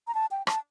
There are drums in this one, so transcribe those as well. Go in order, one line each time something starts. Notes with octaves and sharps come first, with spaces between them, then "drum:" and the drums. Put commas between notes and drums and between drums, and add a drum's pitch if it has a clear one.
A#5
A5
G5
A5, drum: rim click